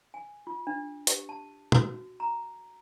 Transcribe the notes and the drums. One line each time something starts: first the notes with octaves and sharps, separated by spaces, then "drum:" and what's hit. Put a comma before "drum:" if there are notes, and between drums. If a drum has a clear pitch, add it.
G#5
F4
D4
G4, drum: hi-hat
A5
F#4, drum: tom
A#5